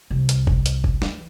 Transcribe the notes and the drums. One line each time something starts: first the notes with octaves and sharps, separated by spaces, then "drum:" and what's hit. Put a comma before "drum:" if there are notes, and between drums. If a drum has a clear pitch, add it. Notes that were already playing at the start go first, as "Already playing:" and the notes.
C2
drum: hi-hat
drum: kick G1
drum: hi-hat
drum: kick G1
E3, drum: snare